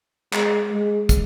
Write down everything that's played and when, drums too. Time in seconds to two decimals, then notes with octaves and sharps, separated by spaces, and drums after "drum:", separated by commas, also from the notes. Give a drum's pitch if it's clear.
0.33 G#3, drum: clap
0.72 G#3
1.09 drum: kick, hi-hat